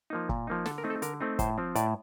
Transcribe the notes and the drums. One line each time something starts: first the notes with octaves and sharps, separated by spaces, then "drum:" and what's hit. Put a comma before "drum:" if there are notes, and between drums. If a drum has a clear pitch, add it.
F3 A#3 D#4
A#2, drum: kick
F3 A#3 D#4
D3 A4, drum: snare
A#4
A3 C4 D#4
A4
D3 A#4, drum: hi-hat
A3 C4 D#4
A2 C5, drum: kick, hi-hat
F3 C4
A2 D5, drum: hi-hat